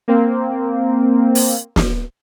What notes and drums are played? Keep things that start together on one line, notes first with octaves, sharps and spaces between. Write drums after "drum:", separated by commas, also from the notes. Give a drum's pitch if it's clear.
A#3 C4
drum: open hi-hat
drum: snare